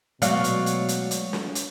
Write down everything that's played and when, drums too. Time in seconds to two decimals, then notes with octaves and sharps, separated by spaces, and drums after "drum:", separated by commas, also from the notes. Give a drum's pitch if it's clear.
0.22 B2 F#3 G#3 A3 D5 F5, drum: hi-hat
0.44 drum: hi-hat
0.66 drum: hi-hat
0.88 drum: hi-hat
1.11 drum: hi-hat
1.33 drum: snare
1.55 drum: hi-hat